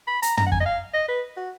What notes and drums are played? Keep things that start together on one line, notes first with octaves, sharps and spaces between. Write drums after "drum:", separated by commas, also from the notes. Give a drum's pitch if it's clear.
B5
A#5, drum: hi-hat
A#5, drum: tom
F#5
G#5, drum: kick
D#5
F5
D#5
B4
F#4